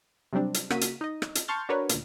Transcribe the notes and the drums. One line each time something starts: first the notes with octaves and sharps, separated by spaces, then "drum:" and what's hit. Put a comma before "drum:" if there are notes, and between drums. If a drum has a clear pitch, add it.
C3 F#3 G3 C4 D4
drum: hi-hat
C#3 A#3 F#4 B6 D#7, drum: rim click
drum: hi-hat
D#4 D#5
drum: rim click
drum: hi-hat
A5 C6 C#6 F6 G6 A6
D4 F#4 A#4 B4 C#5
D2 A#2, drum: hi-hat